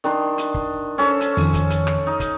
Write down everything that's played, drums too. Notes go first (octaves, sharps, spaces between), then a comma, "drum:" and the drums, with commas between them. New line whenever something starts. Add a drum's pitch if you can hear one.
D#3 D4 C6
drum: hi-hat
drum: kick
C#4 A4 C5
drum: hi-hat
F2 D#3, drum: open hi-hat
drum: kick, hi-hat
drum: hi-hat
drum: rim click
D#4
drum: kick, hi-hat